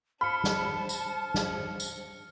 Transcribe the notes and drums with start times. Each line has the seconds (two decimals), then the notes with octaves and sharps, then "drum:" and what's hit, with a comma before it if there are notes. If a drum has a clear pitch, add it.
0.21 C5 A5 B5 F6 C#7
0.44 drum: snare
0.89 drum: tambourine
1.34 drum: snare
1.80 drum: tambourine